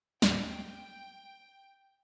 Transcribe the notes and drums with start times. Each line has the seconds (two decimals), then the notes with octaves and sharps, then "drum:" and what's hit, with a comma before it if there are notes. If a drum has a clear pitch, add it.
0.22 D#2 A2 G5, drum: snare